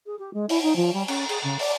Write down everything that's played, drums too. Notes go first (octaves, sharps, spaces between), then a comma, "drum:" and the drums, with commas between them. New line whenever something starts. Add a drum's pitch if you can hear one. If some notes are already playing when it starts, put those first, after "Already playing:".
G#4
G4
G#3
E4, drum: open hi-hat
D#4
F3
G3
C#4, drum: cymbal
G#4, drum: cymbal
C#3
D5, drum: open hi-hat